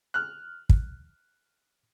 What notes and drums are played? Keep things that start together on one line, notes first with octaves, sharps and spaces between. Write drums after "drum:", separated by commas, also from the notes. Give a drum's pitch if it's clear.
F6 F#6
drum: kick